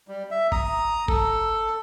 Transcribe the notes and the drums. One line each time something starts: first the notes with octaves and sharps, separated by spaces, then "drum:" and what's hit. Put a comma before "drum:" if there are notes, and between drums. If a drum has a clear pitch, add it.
G3
E5
A#5 D#6, drum: kick G#1
A4, drum: kick G#1